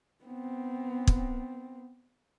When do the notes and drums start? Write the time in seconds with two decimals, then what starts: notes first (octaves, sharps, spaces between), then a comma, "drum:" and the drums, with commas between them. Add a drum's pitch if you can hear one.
0.25 B3 C4
1.07 drum: kick